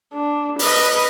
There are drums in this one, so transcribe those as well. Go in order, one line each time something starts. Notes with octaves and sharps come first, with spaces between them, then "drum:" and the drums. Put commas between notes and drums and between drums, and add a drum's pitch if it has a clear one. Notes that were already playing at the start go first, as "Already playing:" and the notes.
D4
B4 D#5, drum: open hi-hat